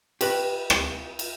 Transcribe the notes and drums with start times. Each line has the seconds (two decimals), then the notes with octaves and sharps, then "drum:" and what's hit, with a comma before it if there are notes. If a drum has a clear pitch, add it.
0.21 G4 B4, drum: cymbal
0.70 drum: rim click
1.19 drum: cymbal